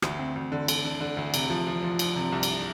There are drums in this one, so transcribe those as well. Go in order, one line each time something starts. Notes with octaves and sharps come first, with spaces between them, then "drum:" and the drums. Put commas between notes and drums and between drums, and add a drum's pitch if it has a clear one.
D2, drum: rim click
C4
D2
D3
D3, drum: cymbal
D3
D3
D2
C3, drum: cymbal
F3
F3
F3
F3, drum: cymbal
C3
C2
drum: cymbal